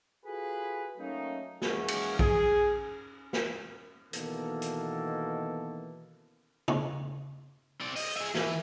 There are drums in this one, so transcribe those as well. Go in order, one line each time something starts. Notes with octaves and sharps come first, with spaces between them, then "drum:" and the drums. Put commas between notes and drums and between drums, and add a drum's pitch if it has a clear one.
F4 F#4 G#4 A4 B4
F#3 A3 A#3 C#4 D#4
D#2 E3 F#3 G#3 A#3 C#4, drum: snare
drum: cymbal
G#4, drum: kick A#1
drum: snare
B2 D#3 E3 A#3 B3 A4, drum: hi-hat
drum: hi-hat
drum: tom C#3
C4 D5
D#5, drum: open hi-hat
G#4 E5
E3, drum: snare